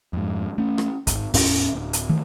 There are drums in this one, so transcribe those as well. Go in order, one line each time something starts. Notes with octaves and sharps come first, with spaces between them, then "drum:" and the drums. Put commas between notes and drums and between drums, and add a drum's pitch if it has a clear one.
F2 G#2
A3 C#4
drum: rim click
G#1, drum: kick, hi-hat
E2 A2 C#4, drum: kick, open hi-hat
D1
drum: hi-hat
D#3 E3 A3